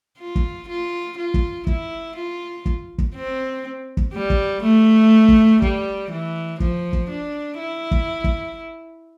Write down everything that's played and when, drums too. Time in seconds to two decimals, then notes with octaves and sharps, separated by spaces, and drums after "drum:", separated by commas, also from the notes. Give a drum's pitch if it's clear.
0.19 F4
0.35 drum: kick
0.68 F4
1.17 F4
1.34 drum: kick
1.67 E4, drum: kick
2.16 F4
2.66 drum: kick
2.98 drum: kick
3.15 C4
3.97 drum: kick
4.14 G3
4.30 drum: kick
4.63 A3
5.28 drum: kick
5.62 G3, drum: kick
6.11 E3
6.60 F3, drum: kick
6.93 drum: kick
7.09 D4
7.58 E4
7.91 drum: kick
8.24 drum: kick